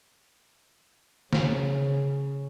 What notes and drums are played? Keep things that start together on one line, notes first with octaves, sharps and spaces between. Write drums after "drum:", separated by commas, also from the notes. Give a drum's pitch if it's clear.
C#3, drum: snare